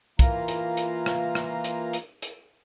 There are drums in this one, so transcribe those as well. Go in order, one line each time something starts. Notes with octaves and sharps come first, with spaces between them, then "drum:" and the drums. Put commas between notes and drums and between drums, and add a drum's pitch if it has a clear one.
E3 A#3 F4 A#5, drum: kick, hi-hat
drum: hi-hat
drum: hi-hat
drum: rim click
drum: rim click
drum: hi-hat
drum: hi-hat
drum: hi-hat